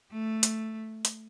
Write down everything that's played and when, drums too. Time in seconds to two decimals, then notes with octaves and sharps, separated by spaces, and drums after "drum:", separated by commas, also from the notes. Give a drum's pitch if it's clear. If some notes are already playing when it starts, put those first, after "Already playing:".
0.12 A3
0.43 drum: hi-hat
1.05 drum: hi-hat